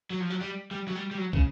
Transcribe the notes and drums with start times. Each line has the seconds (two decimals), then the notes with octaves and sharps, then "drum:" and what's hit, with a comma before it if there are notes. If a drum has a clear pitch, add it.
0.10 F#3
0.20 F3
0.30 F#3
0.41 G3
0.71 G3
0.88 F#3
0.95 G3
1.11 G3
1.17 F#3
1.33 C#3, drum: kick